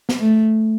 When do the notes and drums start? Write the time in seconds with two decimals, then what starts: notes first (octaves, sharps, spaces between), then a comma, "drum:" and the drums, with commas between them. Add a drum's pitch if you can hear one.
0.09 drum: snare
0.20 A3